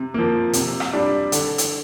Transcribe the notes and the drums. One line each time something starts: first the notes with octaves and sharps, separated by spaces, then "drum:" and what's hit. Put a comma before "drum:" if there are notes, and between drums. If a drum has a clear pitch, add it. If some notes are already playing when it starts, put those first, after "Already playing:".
Already playing: C3
F3 A#3
C3, drum: hi-hat
drum: rim click
G3 D4
D3, drum: hi-hat
drum: hi-hat